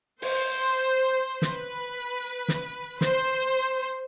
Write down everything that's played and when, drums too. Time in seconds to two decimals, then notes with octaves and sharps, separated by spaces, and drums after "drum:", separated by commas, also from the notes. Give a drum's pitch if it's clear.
0.22 C5, drum: open hi-hat
1.42 B4, drum: snare
2.48 drum: snare
3.01 C5, drum: snare